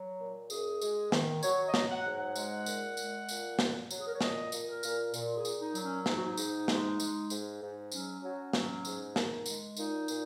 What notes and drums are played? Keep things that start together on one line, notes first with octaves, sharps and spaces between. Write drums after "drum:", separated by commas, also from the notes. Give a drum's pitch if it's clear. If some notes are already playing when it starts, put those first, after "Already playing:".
Already playing: F#3
A#2
F#2 G#4, drum: tambourine
G#3, drum: tambourine
D#3, drum: snare
F#3 C#5, drum: tambourine
D#5
F#3, drum: snare
F#5
G#2
F#5
G#3, drum: tambourine
A#2, drum: tambourine
G#3, drum: tambourine
A#2, drum: tambourine
F#3, drum: snare
F#3, drum: tambourine
G#4
A#4
C#5
A#2 D#5, drum: snare
A#2, drum: tambourine
A#4
A#2, drum: tambourine
A#2, drum: tambourine
G#4
A#2, drum: tambourine
D#4
F#3, drum: tambourine
C#4
G#2 D#4, drum: snare
F#4
D#4
G#2, drum: tambourine
G#3, drum: snare
G#3, drum: tambourine
G#2, drum: tambourine
G#2
F#3 C#4, drum: tambourine
F#3
F#3, drum: snare
G#2, drum: tambourine
D#3, drum: snare
G#3, drum: tambourine
A#2 D#4, drum: tambourine
A#2, drum: tambourine